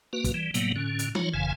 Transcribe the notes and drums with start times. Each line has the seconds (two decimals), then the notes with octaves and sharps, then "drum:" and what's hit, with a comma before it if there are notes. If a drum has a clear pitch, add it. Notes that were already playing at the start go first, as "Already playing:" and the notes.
0.13 A#3 F#4 B4
0.24 drum: kick, hi-hat
0.34 E3 G3
0.54 A2 C3 F#3 G3 A#3 B3, drum: hi-hat
0.76 A2 D3 C#4
0.99 drum: hi-hat
1.15 F#3 D#4 F4 C#5, drum: tom E3
1.34 F#1 F2 C#3 E3 F5 G#5